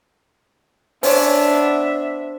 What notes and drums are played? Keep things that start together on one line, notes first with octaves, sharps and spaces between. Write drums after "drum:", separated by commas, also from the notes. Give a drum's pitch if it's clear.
C#4 D4 C5 C#5 E5, drum: open hi-hat
B3